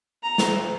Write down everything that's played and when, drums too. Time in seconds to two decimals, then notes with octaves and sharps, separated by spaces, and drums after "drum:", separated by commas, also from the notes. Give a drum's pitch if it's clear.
0.23 A#5
0.38 drum: snare